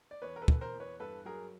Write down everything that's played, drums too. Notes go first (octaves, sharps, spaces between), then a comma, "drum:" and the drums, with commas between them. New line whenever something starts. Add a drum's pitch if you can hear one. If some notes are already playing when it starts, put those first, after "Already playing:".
D5
E2 B4 C#5
A#4
A4 B4
E2, drum: kick
A#4 C5
E2
B4 C#5
G2 A4 B4
F#3 G#4 A#4